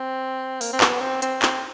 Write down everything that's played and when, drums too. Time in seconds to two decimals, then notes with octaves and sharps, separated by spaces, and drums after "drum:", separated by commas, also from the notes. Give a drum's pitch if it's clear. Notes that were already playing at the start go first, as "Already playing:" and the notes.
Already playing: C4
0.61 A#3, drum: open hi-hat
0.73 C4
0.80 B3, drum: clap
1.01 C4
1.22 C4, drum: hi-hat
1.42 C4, drum: clap